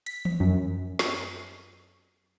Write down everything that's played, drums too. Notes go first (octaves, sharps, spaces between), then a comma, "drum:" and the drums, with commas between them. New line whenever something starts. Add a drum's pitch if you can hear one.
B6, drum: hi-hat
drum: tom E3
F#2
drum: snare